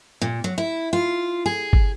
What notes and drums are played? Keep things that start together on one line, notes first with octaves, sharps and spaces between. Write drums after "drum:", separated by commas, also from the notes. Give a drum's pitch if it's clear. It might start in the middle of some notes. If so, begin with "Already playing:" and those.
A#2
F#3
E4
F4
G#4
drum: kick G1